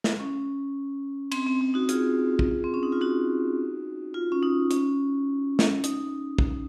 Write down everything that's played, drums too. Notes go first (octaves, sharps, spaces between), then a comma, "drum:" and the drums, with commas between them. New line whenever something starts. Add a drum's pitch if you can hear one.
drum: snare
C#4
C4, drum: cymbal
C4
C4
D#4 F#4
F4 G#4, drum: hi-hat
drum: kick
C4
C#4
D#4
F4
D#4 F#4
F4
C#4
D#4
C#4, drum: hi-hat
drum: snare
D#4, drum: hi-hat
drum: kick